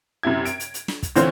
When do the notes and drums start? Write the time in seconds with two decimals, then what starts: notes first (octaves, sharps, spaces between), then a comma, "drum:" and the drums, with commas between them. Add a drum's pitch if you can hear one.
0.23 F#2 C3 E4 G#6
0.45 D7, drum: hi-hat
0.60 drum: hi-hat
0.74 drum: hi-hat
0.88 drum: snare
1.03 drum: kick, hi-hat
1.16 D3 E3 C4 F4 C5 C#5, drum: hi-hat